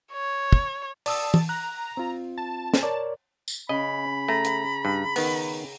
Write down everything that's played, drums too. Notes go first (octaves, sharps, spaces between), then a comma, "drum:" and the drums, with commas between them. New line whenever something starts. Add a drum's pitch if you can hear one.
C#5
drum: kick
D5 A5 D#6 E6, drum: open hi-hat
drum: tom
A#5 F#6
C4 F4
A5
drum: snare
A#4 C#5 D5
drum: tambourine
C#3 D#5 B5
A3 A#5
drum: hi-hat
G2
D#3 B3, drum: open hi-hat